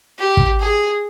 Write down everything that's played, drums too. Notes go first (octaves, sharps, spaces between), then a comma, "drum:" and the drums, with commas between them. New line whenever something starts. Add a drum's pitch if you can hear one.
G4
drum: kick
G#4